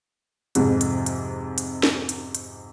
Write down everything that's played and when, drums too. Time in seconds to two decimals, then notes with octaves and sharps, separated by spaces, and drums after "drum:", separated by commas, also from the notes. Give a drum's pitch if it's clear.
0.55 F2 G#2 C3, drum: hi-hat
0.81 drum: hi-hat
1.06 drum: hi-hat
1.58 drum: hi-hat
1.83 drum: snare
2.09 drum: hi-hat
2.35 drum: hi-hat